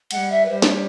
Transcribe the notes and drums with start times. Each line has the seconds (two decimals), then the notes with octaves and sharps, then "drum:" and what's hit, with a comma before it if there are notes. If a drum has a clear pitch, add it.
0.11 G#3 F#5, drum: cymbal
0.16 G3
0.31 E5
0.45 B4
0.49 G3 C5
0.62 D5, drum: snare
0.69 C#5